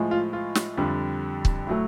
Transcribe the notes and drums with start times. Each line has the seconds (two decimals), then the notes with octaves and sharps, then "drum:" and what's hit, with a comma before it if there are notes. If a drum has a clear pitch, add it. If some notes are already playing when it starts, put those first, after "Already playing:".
Already playing: A2 F3 G#3
0.11 F4
0.33 F4
0.55 drum: snare
0.77 F2 D3 G3
1.45 drum: kick C#1
1.67 A2 F#3 A3